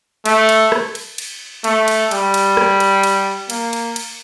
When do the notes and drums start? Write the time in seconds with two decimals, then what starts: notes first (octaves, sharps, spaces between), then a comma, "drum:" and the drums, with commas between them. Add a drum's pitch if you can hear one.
0.26 A3, drum: cymbal
0.49 drum: cymbal
0.72 drum: rim click
0.95 drum: cymbal
1.18 drum: cymbal
1.64 A3, drum: cymbal
1.88 drum: cymbal
2.11 G3, drum: cymbal
2.34 drum: cymbal
2.57 drum: rim click
2.80 drum: cymbal
3.03 drum: cymbal
3.50 A#3, drum: cymbal
3.73 drum: cymbal
3.96 drum: cymbal